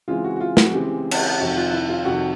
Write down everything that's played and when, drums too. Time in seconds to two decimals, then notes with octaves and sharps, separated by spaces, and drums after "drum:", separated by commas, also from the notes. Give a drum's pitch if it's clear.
0.08 C#3 E3 G#3 C4 F4
0.24 F#4
0.36 F#4
0.40 F4
0.57 F#4, drum: snare
0.73 C#3 E3 G#3 C4 G4
1.11 drum: cymbal
1.40 F2 C3 D#3 F#4
1.56 F4
1.73 E4
1.89 F4
2.05 F2 C3 D#3 F#4